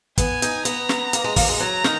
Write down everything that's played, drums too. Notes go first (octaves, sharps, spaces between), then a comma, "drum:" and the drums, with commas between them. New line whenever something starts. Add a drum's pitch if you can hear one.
B3 G#5, drum: kick, hi-hat
D#4, drum: hi-hat
B3 A#5, drum: hi-hat
drum: snare
A#3, drum: hi-hat
G#3
A#3, drum: kick, open hi-hat
G#3
F#3 A#5
D#3, drum: snare